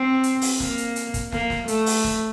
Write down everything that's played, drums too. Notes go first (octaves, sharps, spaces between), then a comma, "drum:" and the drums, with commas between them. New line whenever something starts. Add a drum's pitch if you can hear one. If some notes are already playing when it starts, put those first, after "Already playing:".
Already playing: C4
drum: hi-hat
drum: open hi-hat
A#3, drum: snare
drum: hi-hat
drum: hi-hat
drum: kick, hi-hat
A#3, drum: snare
drum: snare
A3, drum: hi-hat
drum: open hi-hat
drum: snare